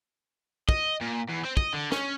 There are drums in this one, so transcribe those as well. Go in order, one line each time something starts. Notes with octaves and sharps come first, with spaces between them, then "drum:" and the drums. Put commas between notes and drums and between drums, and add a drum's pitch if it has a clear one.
D#5, drum: kick
A#2
E2
C4
D#5, drum: kick
D3
C#4, drum: snare